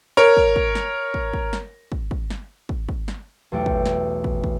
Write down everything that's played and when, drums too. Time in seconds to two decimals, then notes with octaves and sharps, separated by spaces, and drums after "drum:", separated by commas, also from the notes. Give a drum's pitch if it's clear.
0.17 A#4 C#5
0.37 drum: kick
0.56 drum: kick
0.75 drum: snare
1.14 drum: kick
1.33 drum: kick
1.53 drum: snare
1.92 drum: kick
2.11 drum: kick
2.30 drum: snare
2.69 drum: kick
2.89 drum: kick
3.08 drum: snare
3.52 B1 E2 A3 G4 G5 C#7
3.66 drum: kick
3.86 drum: snare
4.24 drum: kick
4.44 drum: kick